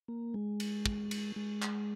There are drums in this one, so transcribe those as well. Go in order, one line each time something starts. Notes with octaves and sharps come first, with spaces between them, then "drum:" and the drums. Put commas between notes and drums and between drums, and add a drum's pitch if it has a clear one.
A#3
G#3
drum: cymbal
drum: kick
drum: cymbal
G#3
drum: clap